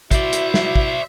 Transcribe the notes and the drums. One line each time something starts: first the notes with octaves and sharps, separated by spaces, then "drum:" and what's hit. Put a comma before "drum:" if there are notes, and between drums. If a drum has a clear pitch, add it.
E4 F#4 C5 D5 E5, drum: kick, hi-hat
drum: hi-hat
drum: snare
drum: kick